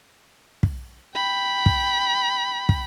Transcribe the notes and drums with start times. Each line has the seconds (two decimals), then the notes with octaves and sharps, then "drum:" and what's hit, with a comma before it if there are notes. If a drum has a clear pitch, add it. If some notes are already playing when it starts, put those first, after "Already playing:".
0.63 drum: kick
1.14 G5 B5
1.66 drum: kick
2.69 drum: kick